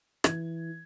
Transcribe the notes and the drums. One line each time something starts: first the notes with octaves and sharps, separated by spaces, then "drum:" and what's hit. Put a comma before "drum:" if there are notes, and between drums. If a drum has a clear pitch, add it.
E3 G#6, drum: rim click